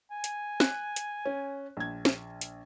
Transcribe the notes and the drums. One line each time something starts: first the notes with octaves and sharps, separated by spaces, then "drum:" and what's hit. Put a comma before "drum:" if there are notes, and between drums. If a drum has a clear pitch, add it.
G#5
drum: hi-hat
F#6, drum: snare
drum: hi-hat
C#4
A#1 G#6
drum: snare
drum: hi-hat